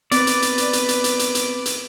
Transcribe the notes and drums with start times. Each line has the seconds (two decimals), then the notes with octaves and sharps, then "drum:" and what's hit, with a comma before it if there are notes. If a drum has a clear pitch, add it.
0.12 B3 C4 B4 D5 A6, drum: hi-hat
0.27 drum: hi-hat
0.42 drum: hi-hat
0.58 drum: hi-hat
0.73 drum: hi-hat
0.89 drum: hi-hat
1.04 drum: hi-hat
1.19 drum: hi-hat
1.35 drum: hi-hat
1.66 drum: hi-hat